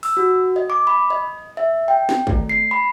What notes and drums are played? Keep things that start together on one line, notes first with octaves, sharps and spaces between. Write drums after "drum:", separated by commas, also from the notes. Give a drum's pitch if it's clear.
E6, drum: open hi-hat
F#4
D#5
D6
B5
D#5
E5
G5
drum: snare
A3, drum: kick
C7
B5